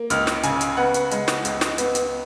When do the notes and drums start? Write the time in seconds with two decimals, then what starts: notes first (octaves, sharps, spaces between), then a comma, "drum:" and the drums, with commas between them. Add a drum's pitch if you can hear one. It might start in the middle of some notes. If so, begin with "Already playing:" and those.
Already playing: A#3
0.10 C#2 F6, drum: hi-hat
0.27 drum: snare
0.43 C#3 G#5, drum: hi-hat
0.61 drum: hi-hat
0.77 B3 F#5
0.94 drum: hi-hat
1.11 G#3, drum: hi-hat
1.28 drum: snare
1.45 C#2, drum: hi-hat
1.61 drum: snare
1.78 B3, drum: hi-hat
1.95 drum: hi-hat